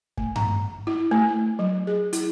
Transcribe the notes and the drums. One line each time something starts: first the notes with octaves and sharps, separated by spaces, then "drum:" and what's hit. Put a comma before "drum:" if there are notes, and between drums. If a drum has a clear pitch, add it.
A3, drum: kick
A#5, drum: tom G2
E4
A3
F#3
G#4
E4, drum: hi-hat